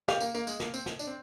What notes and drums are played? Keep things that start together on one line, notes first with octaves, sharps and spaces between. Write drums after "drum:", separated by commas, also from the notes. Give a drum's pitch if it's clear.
G4 F5, drum: snare
A#3, drum: tambourine
A#3, drum: tambourine
G#3, drum: tambourine
A#3, drum: snare
C4, drum: tambourine
drum: snare
D4, drum: tambourine
C4